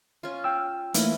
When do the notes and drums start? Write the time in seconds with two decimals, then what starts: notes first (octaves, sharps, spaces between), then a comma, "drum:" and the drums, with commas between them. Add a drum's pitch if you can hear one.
0.23 C#4 F4
0.44 G5 E6
0.94 E3 A3 A#3 C#4 D#4, drum: hi-hat